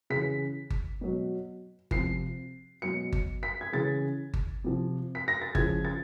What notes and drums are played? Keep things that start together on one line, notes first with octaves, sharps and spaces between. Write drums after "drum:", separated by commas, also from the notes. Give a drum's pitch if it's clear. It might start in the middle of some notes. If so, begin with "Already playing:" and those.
C#3 E3 B6
drum: kick G1
B2 F#3
C3 F3 C7, drum: kick G1
B2 F#3 C#7
drum: kick G1
B6
G#6
C#3 E3 A6
drum: kick G1
C3 F3
B6
A#6
A6
C#3 F3 G#6, drum: kick G1
A6